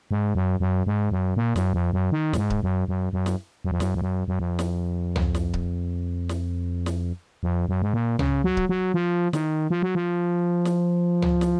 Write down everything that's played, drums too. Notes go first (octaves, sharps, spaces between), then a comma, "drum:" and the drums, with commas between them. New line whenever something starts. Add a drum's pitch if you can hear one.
G#2
F#2
F#2
G#2
F#2
A#2
F#2, drum: snare
F2
F#2
D#3
F#2, drum: snare
G#2
drum: kick C#1
F#2
F#2
F#2
drum: snare
F#2
F2
F#2, drum: snare
F2
F#2
F#2
F2
drum: snare
drum: tom C#2
drum: snare
drum: kick C#1
drum: snare
drum: snare
F2
F#2
G#2
A#2
C#3, drum: tom C#2
F#3
drum: kick C#1
F#3
F3
D#3, drum: snare
F3
F#3
F3
drum: snare
drum: tom C#2
drum: snare